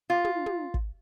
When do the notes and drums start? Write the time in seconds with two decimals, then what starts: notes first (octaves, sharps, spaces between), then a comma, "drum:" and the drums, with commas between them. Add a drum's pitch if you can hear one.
0.10 F4
0.25 drum: tom
0.46 drum: tom
0.74 drum: kick